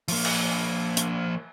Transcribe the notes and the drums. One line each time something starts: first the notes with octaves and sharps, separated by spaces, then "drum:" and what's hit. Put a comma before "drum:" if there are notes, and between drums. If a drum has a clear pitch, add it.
F3 A#3, drum: open hi-hat
drum: cymbal
drum: hi-hat